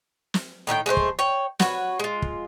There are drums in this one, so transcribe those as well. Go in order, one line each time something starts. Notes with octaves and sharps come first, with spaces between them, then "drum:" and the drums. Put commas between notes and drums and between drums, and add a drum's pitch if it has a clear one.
drum: snare
A2 D#3 D#4 G5
G#3 A3 B4 C5
drum: kick
C#5 G5
F#4 B4 C#5, drum: snare
G#3 F4
drum: kick